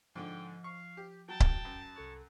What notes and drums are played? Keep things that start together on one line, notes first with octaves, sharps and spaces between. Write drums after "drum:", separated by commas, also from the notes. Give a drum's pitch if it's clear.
G#2 D3 F3 G5
F5 C#6
G4
F#3 G5 A5
drum: kick C#1
F#2
C2 A4 C#5 F#6